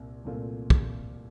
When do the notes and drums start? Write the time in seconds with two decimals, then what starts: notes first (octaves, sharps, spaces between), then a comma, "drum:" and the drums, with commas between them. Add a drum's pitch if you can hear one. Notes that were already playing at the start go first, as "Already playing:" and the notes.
Already playing: C2 A#2 C4
0.25 C2 A#2 A3 C4 F4
0.70 drum: kick